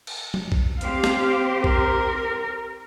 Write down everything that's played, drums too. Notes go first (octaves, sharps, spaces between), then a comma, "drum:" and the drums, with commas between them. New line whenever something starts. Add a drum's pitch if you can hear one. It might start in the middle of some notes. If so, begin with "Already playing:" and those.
drum: cymbal
drum: tom
drum: kick A#1
C4 G4 C5 F5, drum: hi-hat
drum: snare
A#4, drum: kick A#1